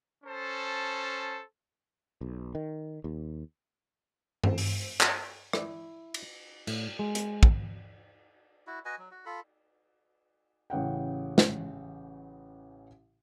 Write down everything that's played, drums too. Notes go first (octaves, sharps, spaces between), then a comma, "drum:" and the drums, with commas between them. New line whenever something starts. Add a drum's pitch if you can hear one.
C#4 A4 C5 A5
B1
D#3
D#2
C4, drum: tom G2
drum: open hi-hat
drum: clap
E4, drum: rim click
drum: cymbal
A2, drum: cymbal
G#3
drum: hi-hat
drum: kick
E4 F#4
F#4 B4 D#5 G#5
F#3
F#4
F4 A4 B5
A1 C#3 F#5 G5
drum: snare